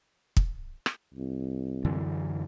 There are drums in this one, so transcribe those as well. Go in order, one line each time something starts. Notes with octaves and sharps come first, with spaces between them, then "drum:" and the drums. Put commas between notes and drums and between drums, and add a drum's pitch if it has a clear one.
drum: kick
drum: rim click
C2
F#2 D3 E3